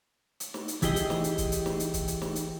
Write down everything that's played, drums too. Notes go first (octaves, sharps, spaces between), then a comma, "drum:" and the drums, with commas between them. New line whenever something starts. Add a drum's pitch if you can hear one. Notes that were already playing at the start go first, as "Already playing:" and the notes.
drum: hi-hat
drum: snare
drum: hi-hat
E3 E4 G4 G#4 D#5, drum: kick, hi-hat
drum: hi-hat
drum: snare
drum: hi-hat
drum: kick, hi-hat
drum: hi-hat
drum: snare
drum: hi-hat
drum: kick, hi-hat
drum: hi-hat
drum: snare
drum: hi-hat